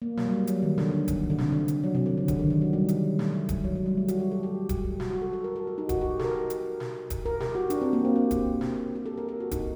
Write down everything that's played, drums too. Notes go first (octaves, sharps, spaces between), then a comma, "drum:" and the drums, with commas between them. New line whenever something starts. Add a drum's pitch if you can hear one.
A#3
F#3, drum: snare
G3
F#3, drum: hi-hat
D#3
D3, drum: snare
drum: kick D#1, hi-hat
D3
C3, drum: snare
D3
drum: hi-hat
F#3
C3
D3
D3
D3, drum: kick D#1, hi-hat
D#3
D#3
F#3
G3
drum: hi-hat
A3, drum: snare
drum: kick D#1, hi-hat
F#3
F#3
G3
A3
F#4, drum: hi-hat
G4
A4
G4
drum: kick D#1, hi-hat
F#4, drum: snare
F#4
A4
A4
A#4
A4
G4
D#4
F#4, drum: kick D#1, hi-hat
G4
A4, drum: snare
A#4
drum: hi-hat
drum: snare
drum: kick D#1, hi-hat
A#4
G4, drum: snare
F#4
D4, drum: hi-hat
C4
A#3
C4
G4
drum: kick D#1, hi-hat
drum: snare
G4
A4
A#4
A4
F#4
D#4, drum: kick D#1, hi-hat